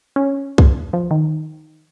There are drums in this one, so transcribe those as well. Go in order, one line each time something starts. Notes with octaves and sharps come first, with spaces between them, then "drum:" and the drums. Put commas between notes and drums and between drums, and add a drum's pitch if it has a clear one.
C#4
drum: kick B1
F3
D#3